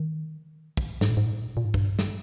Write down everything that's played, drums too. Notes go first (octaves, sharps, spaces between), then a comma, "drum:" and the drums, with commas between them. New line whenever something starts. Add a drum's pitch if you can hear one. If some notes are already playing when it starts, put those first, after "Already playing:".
Already playing: D#3
drum: kick
G#2, drum: snare
A#2
G#2
A#2
G#2
A#2
G#2
A#2
G#2
G2, drum: kick
drum: snare